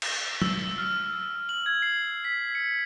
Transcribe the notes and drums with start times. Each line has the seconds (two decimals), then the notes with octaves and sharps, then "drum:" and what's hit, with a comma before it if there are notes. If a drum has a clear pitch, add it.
0.02 drum: cymbal
0.42 E6, drum: tom
0.78 F6
1.49 F#7
1.66 G#6
1.82 C7
2.25 B6
2.55 C#7